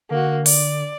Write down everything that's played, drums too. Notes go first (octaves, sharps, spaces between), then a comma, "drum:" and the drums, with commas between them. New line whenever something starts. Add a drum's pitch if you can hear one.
D3 A#3 F#4
D5, drum: open hi-hat